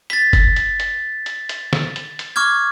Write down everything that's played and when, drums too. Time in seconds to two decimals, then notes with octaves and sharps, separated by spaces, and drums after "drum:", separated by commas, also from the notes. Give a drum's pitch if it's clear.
0.10 A6 B6, drum: hi-hat
0.33 drum: kick F#1, hi-hat
0.56 drum: hi-hat
0.80 drum: hi-hat
1.26 drum: hi-hat
1.49 drum: hi-hat
1.73 drum: snare
1.96 drum: hi-hat
2.19 drum: hi-hat
2.36 C#6 D6 F6 G#6